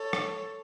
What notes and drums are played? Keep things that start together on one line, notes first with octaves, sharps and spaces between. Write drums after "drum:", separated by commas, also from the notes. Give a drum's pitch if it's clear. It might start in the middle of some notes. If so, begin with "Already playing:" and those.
Already playing: A4 C#5
drum: rim click